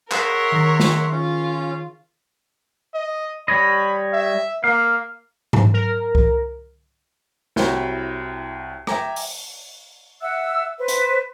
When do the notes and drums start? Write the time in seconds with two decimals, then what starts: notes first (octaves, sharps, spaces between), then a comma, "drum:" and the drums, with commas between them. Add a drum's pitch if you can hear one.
0.11 G#4 A#4 C#5 E5 F#5 C6 E7, drum: clap
0.51 D#3
0.80 drum: snare
1.12 C#4 F4
2.94 D#5
3.48 G3 C#5 D#5 B5
4.13 E5
4.64 A#3 F5
5.53 drum: tom G#2
5.74 A#4
6.15 drum: kick C2
7.56 C2 E4 F#4 C#5 G5 A#5, drum: snare
8.87 E5 G5 G#5 A#5 D6, drum: rim click
9.16 drum: open hi-hat
10.20 E5 F#5 E6 F#6
10.79 B4 C5
10.88 drum: hi-hat